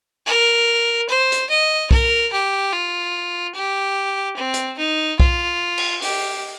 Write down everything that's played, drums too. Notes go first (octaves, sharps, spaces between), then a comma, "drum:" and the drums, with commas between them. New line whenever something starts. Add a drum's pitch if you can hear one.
A#4
C5
drum: hi-hat
D#5
A#4, drum: kick B1
G4
F4
G4
C4
drum: hi-hat
D#4
F4, drum: kick B1
drum: cymbal
G4, drum: open hi-hat